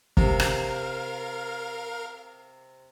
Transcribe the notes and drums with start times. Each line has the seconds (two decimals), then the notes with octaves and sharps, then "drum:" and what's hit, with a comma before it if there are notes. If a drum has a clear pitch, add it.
0.17 C3 A#4 F5, drum: kick
0.40 drum: rim click